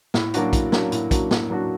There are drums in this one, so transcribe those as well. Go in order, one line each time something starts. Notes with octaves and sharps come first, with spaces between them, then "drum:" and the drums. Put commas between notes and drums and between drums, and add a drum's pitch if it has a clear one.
A2, drum: snare
F#3 A#3 D4 F#4, drum: hi-hat
A2, drum: kick, hi-hat
F#3 A#3 D4 F#4, drum: snare
A2, drum: hi-hat
F#3 A#3 D4 F#4, drum: kick, hi-hat
A2, drum: snare
F#3 A#3 D4 F#4